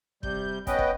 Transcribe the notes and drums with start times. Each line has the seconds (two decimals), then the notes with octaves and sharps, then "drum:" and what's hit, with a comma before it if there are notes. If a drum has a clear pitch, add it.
0.23 C3 G3 G6, drum: kick
0.67 B3 C#4 B4 D#5 G5, drum: kick, hi-hat
0.79 drum: kick